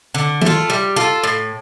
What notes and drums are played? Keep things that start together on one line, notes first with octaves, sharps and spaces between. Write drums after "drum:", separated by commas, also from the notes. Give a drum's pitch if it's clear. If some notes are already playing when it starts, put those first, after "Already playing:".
D3
A3 F4, drum: tom D#3
G3
F4 A4
A2